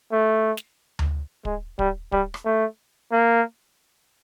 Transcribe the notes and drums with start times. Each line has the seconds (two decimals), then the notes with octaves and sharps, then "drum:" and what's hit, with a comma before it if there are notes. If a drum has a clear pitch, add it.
0.12 A3
0.57 drum: snare
0.99 drum: tom D2
1.45 G#3, drum: kick
1.79 G3, drum: kick
2.12 G3, drum: kick
2.34 drum: rim click
2.45 A3
3.12 A#3